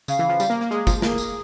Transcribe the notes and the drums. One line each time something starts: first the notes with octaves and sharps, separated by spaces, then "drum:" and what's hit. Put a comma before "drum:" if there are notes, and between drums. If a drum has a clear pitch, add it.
C#3 F5, drum: tambourine
E3
F3
G3, drum: tambourine
A#3
A#3
G#3 G#4
F3, drum: kick, tambourine
A#3 G#4, drum: snare
drum: tambourine